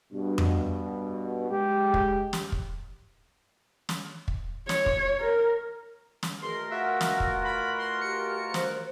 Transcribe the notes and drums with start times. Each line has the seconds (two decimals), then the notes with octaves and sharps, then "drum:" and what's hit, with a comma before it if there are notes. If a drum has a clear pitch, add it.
0.13 G2 B2
0.38 drum: tom F2
1.51 G#3 G4
1.94 drum: kick
2.33 drum: snare
2.52 drum: kick
3.89 drum: snare
4.28 drum: kick
4.69 C#5, drum: snare
4.86 drum: kick
5.20 A#4
6.23 drum: snare
6.42 B2 A3 G#4 A#4 C6
6.70 F4 F#4 E5 F#5
7.01 drum: snare
7.20 drum: kick
7.44 B5
7.79 C6
8.01 G4 C#7
8.54 C5, drum: snare